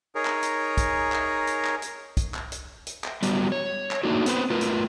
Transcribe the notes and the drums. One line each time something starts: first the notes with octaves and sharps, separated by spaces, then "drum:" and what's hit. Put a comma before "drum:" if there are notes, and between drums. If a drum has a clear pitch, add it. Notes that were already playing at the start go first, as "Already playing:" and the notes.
D#4 G#4 A#4 C#5
drum: clap
drum: hi-hat
drum: kick, hi-hat
drum: clap
drum: hi-hat
drum: clap
drum: hi-hat
drum: kick, hi-hat
drum: clap
drum: hi-hat
drum: hi-hat
drum: clap
F#3 G3 B3, drum: hi-hat
C#5
drum: clap
A3 A#3 D4 D#4 F#4
B3 C4 B4 C5, drum: hi-hat
A3 F4 A#4 B4
drum: hi-hat